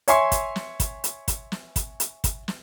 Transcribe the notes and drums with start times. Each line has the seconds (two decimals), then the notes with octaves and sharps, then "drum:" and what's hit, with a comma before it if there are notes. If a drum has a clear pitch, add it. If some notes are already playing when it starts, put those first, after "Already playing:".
0.08 C#5 E5 G#5 C6 C#6, drum: hi-hat
0.32 drum: kick, hi-hat
0.56 drum: snare
0.80 drum: kick, hi-hat
1.04 drum: hi-hat
1.28 drum: kick, hi-hat
1.52 drum: snare
1.76 drum: kick, hi-hat
2.00 drum: hi-hat
2.24 drum: kick, hi-hat
2.48 drum: snare